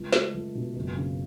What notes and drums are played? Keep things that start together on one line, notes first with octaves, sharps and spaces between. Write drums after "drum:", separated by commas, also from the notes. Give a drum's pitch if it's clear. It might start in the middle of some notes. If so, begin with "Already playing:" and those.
Already playing: C#2
A3, drum: snare
C#2
B2
F#1
C#3